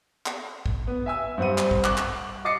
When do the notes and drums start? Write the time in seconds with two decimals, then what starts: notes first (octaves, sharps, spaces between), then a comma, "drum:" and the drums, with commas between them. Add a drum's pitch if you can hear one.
0.26 drum: clap
0.66 drum: kick
0.87 B3
1.06 E5 G#5 E6
1.38 G2 C4 F#5 D#7
1.58 drum: clap
1.71 drum: kick
1.84 C#6 D6 F#6, drum: clap
1.97 drum: clap
2.45 D#5 D6 D#6 A6 C7 C#7